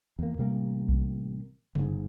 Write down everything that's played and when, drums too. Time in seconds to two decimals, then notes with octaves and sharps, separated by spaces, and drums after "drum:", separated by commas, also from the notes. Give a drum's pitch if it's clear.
0.19 E2 A#3
0.38 A1 C3 G3 A#3
0.89 drum: kick B1
1.75 G1 G#2, drum: tom C3